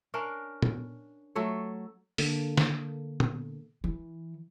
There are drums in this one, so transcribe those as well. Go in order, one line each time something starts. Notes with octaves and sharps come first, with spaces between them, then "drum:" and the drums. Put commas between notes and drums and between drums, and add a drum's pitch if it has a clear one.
C#4 D4 A#4 F5
drum: tom A#2
F#3 A3 A4 C#5
D3 A#3 A4, drum: open hi-hat
drum: snare
drum: tom A#2
E3